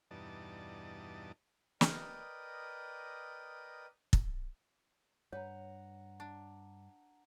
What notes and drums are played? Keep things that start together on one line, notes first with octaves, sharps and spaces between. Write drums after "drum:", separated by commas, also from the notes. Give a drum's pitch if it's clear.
E2 G2 B2 D#4 D5 A5
A#4 B4 D5 D#5 G5 D#6, drum: snare
drum: kick
G2 B4 C#5 F#5 A#5
D4